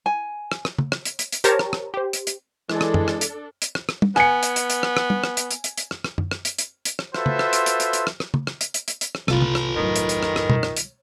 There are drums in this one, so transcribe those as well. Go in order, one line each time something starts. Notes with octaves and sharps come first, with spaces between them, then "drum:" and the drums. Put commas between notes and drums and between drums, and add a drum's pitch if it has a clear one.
G#5
drum: rim click
drum: rim click
drum: tom
drum: rim click
drum: hi-hat
drum: hi-hat
drum: hi-hat
G4 A#4 C5 C#5 A5 A#5, drum: hi-hat
drum: rim click
drum: rim click
G4 C5
drum: hi-hat
drum: hi-hat
E3 G#3 D4 A4, drum: rim click
drum: rim click
drum: tom F#2
drum: rim click
drum: hi-hat
drum: hi-hat
drum: rim click
drum: rim click
drum: tom
B3 G#5 C#7, drum: rim click
drum: hi-hat
drum: hi-hat
drum: hi-hat
drum: rim click
drum: rim click
drum: tom
drum: rim click
drum: hi-hat
drum: hi-hat
drum: hi-hat
drum: hi-hat
drum: rim click
drum: rim click
drum: tom F#2
drum: rim click
drum: hi-hat
drum: hi-hat
drum: hi-hat
drum: rim click
F4 F#4 A4 B4 C5 E5, drum: rim click
drum: tom
drum: rim click
drum: hi-hat
drum: hi-hat
drum: hi-hat
drum: hi-hat
drum: rim click
drum: rim click
drum: tom
drum: rim click
drum: hi-hat
drum: hi-hat
drum: hi-hat
drum: hi-hat
drum: rim click
C2 C3 B3 F4 A4 B4, drum: rim click
drum: tom
drum: rim click
F#2 A2 D#3
drum: hi-hat
drum: hi-hat
drum: rim click
drum: rim click
drum: tom B2
drum: rim click
drum: hi-hat